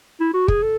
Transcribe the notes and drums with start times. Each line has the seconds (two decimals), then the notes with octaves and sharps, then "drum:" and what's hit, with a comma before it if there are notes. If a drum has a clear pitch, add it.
0.20 E4
0.34 F#4
0.48 G#4, drum: kick
0.63 A4